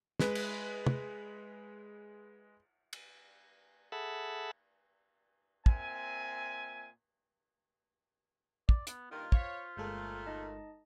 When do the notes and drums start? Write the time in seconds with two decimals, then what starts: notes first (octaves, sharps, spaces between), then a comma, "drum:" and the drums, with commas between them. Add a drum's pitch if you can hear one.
0.20 G#3 B4, drum: snare
0.35 drum: cymbal
0.87 drum: tom
2.93 drum: cymbal
3.92 G#4 A4 E5 F#5 A5 B5
5.66 A#2 C4 E5 G#5, drum: kick
8.69 D5, drum: kick
8.87 B3, drum: hi-hat
9.11 G2 A#2 D#3 F4
9.32 C5 C#5 F5 B6, drum: kick
9.77 G1 A#2 G#3 A3 A4
10.26 D#4 D#5 A5